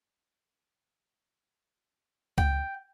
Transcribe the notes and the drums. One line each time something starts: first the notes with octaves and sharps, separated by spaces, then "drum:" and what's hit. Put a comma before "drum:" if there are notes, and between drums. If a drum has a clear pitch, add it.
G5, drum: kick C#2